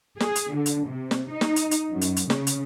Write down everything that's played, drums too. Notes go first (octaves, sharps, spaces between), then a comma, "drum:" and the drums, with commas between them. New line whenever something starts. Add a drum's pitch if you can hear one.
G#4, drum: snare
drum: hi-hat
D3
drum: hi-hat
C3
drum: snare
D#4
drum: snare
drum: hi-hat
drum: hi-hat
F#2
drum: hi-hat
drum: hi-hat
C#3, drum: snare
drum: hi-hat